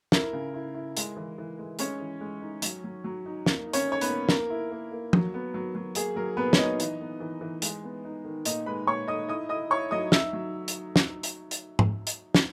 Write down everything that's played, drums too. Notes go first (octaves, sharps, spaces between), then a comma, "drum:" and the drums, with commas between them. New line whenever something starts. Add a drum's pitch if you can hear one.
E4 A#4, drum: snare
C#3
E4
E4
G#3, drum: hi-hat
E3
E3
G#3
G#3 C#4 C#5, drum: hi-hat
E3
G#3
D#4
F#3, drum: hi-hat
F#3
F#3
D#4
A#3, drum: snare
D#4
C#4 C#5, drum: hi-hat
D#4 C#5
B3 B4, drum: hi-hat
A#3
A#3 A#4, drum: snare
E4
A#3
A#3
F#3, drum: tom
B3
F#3
F#3
A#3 G#4, drum: hi-hat
F#3 A#4
A#2 B3 B4
C#5, drum: snare
F#3 D#4 D#5
E3, drum: hi-hat
B3
E3
E3
G#3, drum: hi-hat
B3
D#4
D#3
A#2 D#4 D#5, drum: hi-hat
G#3 B4 B5
A#2 C#5 C#6
D#4 D#5 D#6
E4 D#5 D#6
E4 D#5 D#6
E4 C#5 C#6
F#3 D#5 D#6
D#4 E5 E6, drum: snare
F#3
drum: hi-hat
drum: snare
drum: hi-hat
drum: hi-hat
drum: tom G#2
drum: hi-hat
drum: snare